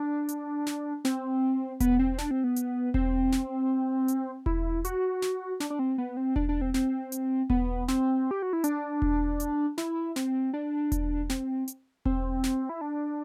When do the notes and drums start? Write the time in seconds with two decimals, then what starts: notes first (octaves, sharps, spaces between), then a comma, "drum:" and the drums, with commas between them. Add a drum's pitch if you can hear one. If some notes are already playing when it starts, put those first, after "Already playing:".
Already playing: D4
0.29 drum: hi-hat
0.66 drum: snare
1.05 C4, drum: snare
1.80 B3, drum: kick E1, hi-hat
1.99 C4
2.18 D4, drum: snare
2.31 C4
2.44 B3
2.56 drum: hi-hat
2.94 C4, drum: kick E1
3.32 drum: snare
4.08 drum: hi-hat
4.46 E4, drum: kick E1
4.85 F#4, drum: hi-hat
5.22 drum: snare
5.60 D4, drum: snare
5.70 D4
5.79 C4
5.98 B3
6.17 C4
6.36 D4, drum: kick E1
6.49 D4
6.61 C4
6.74 C4, drum: snare
7.12 drum: hi-hat
7.50 B3, drum: kick E1
7.88 C4, drum: snare
8.31 G4
8.42 F#4
8.53 E4
8.64 D4, drum: hi-hat
9.02 drum: kick E1
9.40 drum: hi-hat
9.78 E4, drum: snare
10.16 C4, drum: snare
10.54 D4
10.92 drum: kick E1, hi-hat
11.30 C4, drum: snare
11.68 drum: hi-hat
12.05 C4, drum: kick E1
12.44 drum: snare
12.69 E4
12.81 D4